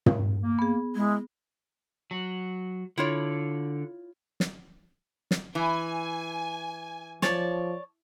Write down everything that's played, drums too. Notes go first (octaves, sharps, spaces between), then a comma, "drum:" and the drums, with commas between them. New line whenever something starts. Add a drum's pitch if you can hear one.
drum: tom
A#3
B3 G#4
G#3 E4
F#3
D3 E4 F4 C#5
drum: snare
drum: snare
E3 G#5
F3 C#5 D5 A5, drum: snare